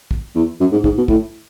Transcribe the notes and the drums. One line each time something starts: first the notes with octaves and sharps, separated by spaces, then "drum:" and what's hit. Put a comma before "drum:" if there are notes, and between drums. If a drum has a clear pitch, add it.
drum: kick
E2
F#2
G#2
G#2, drum: kick
B2
A2, drum: kick